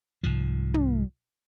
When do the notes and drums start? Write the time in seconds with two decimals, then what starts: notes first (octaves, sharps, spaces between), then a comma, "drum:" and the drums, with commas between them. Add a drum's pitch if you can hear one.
0.23 C2 G#2 F3
0.74 drum: tom